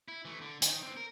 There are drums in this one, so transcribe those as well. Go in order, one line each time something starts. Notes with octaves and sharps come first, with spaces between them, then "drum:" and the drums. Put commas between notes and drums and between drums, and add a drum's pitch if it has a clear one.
E4
E3 A3
D3
D#3, drum: hi-hat
C4 D4
A#4